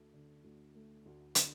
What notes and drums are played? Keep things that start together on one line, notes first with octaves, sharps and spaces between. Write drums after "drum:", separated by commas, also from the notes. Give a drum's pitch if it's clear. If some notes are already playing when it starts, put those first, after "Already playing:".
Already playing: D2 A3
D3
D2
A3
D2
D3, drum: hi-hat